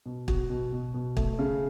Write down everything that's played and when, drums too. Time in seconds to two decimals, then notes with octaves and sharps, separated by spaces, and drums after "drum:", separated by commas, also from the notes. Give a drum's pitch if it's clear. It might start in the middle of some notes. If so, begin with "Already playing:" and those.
0.06 B2
0.28 F#4, drum: kick
0.50 B2
0.72 B2
0.94 B2
1.17 A3, drum: kick
1.39 C#3